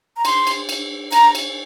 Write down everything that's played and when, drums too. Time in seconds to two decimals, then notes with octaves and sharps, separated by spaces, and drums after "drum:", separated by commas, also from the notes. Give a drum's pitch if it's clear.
0.17 A#5
0.25 C6, drum: cymbal
0.47 drum: cymbal
0.69 drum: cymbal
1.12 A#5, drum: cymbal
1.35 drum: cymbal